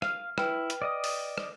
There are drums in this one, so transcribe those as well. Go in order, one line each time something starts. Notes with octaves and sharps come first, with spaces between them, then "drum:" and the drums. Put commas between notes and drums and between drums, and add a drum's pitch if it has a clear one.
F5 F6, drum: rim click
E4 B4 G5 F6, drum: rim click
drum: hi-hat
D5 D#5 D#6
drum: open hi-hat
drum: rim click